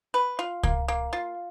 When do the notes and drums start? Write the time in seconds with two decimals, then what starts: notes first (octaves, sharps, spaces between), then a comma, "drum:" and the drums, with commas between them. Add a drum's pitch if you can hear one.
0.14 B4
0.39 F4
0.63 A#3, drum: kick C#2
0.88 A#3
1.13 F4